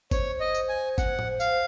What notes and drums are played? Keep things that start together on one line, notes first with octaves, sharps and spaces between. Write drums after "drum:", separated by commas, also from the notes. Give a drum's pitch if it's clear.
C5 C#5, drum: kick G#1, tambourine
D#5
drum: tambourine
G#5
F#5, drum: kick G#1, tambourine
drum: tom A2
F5, drum: tambourine